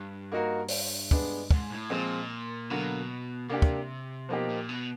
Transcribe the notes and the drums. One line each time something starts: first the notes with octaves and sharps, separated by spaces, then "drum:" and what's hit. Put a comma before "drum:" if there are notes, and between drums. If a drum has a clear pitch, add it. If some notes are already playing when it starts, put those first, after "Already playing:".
Already playing: G2
A#3 D#4 F#4 A#4
drum: open hi-hat
G#3 B3 D4, drum: kick
G#2, drum: kick
A2
A#2 F3 G#3 C4
B2 D3 F#3 A#3
C3 A#3 D4 G4
drum: kick
B2 F3 A#3 D#4 G4
A#2
B2